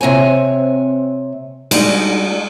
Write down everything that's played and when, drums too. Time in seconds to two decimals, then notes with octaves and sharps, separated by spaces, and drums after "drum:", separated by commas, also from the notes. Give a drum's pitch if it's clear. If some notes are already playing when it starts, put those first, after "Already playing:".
0.01 C3 C4 C#5 G#5
1.71 G3 G#3 D4 D#4 F#4, drum: cymbal